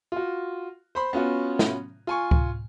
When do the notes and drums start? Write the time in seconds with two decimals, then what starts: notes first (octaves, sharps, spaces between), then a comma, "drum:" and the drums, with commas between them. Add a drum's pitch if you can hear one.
0.12 F4 F#4
0.95 C5 B5 C6
1.13 B3 C#4 F4 F#4
1.59 drum: snare
2.07 F4 G#5 C#6
2.31 drum: kick C#2